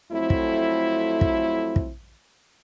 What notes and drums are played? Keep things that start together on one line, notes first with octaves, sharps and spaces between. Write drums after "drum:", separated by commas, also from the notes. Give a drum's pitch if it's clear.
F2 F#3 A3 C4 E4
drum: kick
drum: kick
drum: kick